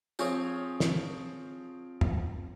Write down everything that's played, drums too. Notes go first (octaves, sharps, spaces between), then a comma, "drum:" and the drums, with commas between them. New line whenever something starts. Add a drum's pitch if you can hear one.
F3 C4 G#4 C#5, drum: tambourine
drum: snare
drum: tom